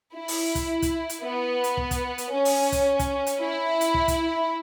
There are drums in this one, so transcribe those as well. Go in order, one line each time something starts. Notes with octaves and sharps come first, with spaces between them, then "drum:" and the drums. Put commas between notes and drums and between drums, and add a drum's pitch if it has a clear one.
E4
drum: open hi-hat
drum: kick, hi-hat
drum: kick, hi-hat
drum: hi-hat
B3
drum: hi-hat
drum: kick
drum: kick, hi-hat
drum: hi-hat
C#4
drum: open hi-hat
drum: kick, hi-hat
drum: kick, hi-hat
drum: hi-hat
E4
drum: hi-hat
drum: kick
drum: kick, hi-hat